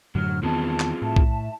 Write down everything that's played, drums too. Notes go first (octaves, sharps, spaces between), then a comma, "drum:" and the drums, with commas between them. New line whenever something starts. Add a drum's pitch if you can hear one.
F#2 A2 D3 F#3 F6
E2 D#3 B3 C4 F4 G#4 A5
drum: clap
A2 E5 A5
drum: kick B1